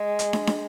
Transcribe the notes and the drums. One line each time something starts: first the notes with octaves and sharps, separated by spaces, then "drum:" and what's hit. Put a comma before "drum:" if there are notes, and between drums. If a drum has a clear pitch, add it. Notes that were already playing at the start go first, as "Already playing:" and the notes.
Already playing: G#3
drum: hi-hat
drum: snare
drum: snare